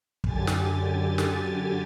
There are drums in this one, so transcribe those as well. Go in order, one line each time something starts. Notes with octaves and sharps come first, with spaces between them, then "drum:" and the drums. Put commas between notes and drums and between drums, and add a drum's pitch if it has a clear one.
F#2 D3 G4 G#5 A6, drum: kick
drum: snare
drum: snare